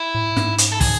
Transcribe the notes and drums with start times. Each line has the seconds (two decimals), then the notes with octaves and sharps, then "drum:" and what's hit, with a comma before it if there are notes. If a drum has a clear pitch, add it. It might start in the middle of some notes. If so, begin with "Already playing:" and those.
Already playing: E4
0.15 A2
0.36 G#2, drum: snare
0.58 drum: hi-hat
0.72 A4
0.81 G#4, drum: kick, open hi-hat